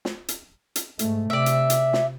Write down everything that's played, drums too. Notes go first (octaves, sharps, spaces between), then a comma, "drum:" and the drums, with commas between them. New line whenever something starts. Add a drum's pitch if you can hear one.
drum: snare
drum: hi-hat
drum: hi-hat
G#2 A3, drum: hi-hat
C3 D5 E5
drum: hi-hat
drum: hi-hat
drum: snare